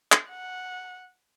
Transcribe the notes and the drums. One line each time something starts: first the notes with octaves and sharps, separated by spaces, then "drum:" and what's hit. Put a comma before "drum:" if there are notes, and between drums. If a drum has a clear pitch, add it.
drum: clap
F#5